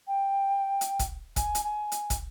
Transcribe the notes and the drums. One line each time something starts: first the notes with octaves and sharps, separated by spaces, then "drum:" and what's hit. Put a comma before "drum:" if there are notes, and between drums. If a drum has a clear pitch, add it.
G5
drum: hi-hat
drum: kick, hi-hat
G#5, drum: kick, hi-hat
drum: hi-hat
G#5
drum: hi-hat
drum: kick, hi-hat